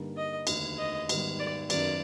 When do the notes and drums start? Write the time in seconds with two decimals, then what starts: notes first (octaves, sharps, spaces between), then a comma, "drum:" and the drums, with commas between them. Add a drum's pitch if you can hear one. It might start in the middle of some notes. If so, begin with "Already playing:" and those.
Already playing: G2 D3 G3 A#3 D#4
0.17 D#5
0.47 F1 D#2 D3, drum: cymbal
0.79 D#5
1.09 G#2 D#3 G3 B3, drum: cymbal
1.40 D5
1.70 F#1 F#2 D#3 F#3 B3 D5, drum: cymbal